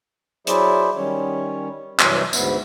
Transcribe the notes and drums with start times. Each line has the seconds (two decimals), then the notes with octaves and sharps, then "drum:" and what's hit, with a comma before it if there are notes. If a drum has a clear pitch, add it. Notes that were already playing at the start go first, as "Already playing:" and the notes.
0.47 F#3 E4 G#4 C5 D5 E5, drum: hi-hat
0.96 D#3 G3 C#4 C#5
1.99 G2 C3 E3 F#3, drum: clap
2.33 D2 G#2 B3 E5, drum: tambourine